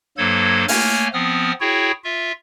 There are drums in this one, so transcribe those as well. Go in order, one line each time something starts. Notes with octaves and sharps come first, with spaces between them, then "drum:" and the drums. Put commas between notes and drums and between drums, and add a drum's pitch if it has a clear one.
G2 F#3 A#3 A4 C5 G#6
A3 A#3 C#5 G#5 F6, drum: open hi-hat
F3 B3 C4 D#6 F6
E4 F#4 G#4 C#5 G5
F4 E5